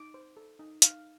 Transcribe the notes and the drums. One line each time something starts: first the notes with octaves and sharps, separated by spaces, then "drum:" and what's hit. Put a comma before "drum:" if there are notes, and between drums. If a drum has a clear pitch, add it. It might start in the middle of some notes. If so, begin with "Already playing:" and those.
Already playing: D#4 D6
C5
A4
D#4
D#4 F5, drum: hi-hat